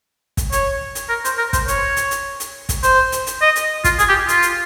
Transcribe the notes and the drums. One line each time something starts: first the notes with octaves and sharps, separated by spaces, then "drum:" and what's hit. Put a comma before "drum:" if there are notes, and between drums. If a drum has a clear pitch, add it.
drum: kick, hi-hat
C#5, drum: hi-hat
drum: hi-hat
A#4
C5, drum: hi-hat
A#4
C5, drum: kick, hi-hat
C#5, drum: hi-hat
drum: hi-hat
drum: hi-hat
drum: hi-hat
drum: kick, hi-hat
C5, drum: hi-hat
drum: hi-hat
drum: hi-hat
D#5
drum: hi-hat
F4, drum: kick, hi-hat
G#4, drum: hi-hat
G4
F4, drum: hi-hat
drum: hi-hat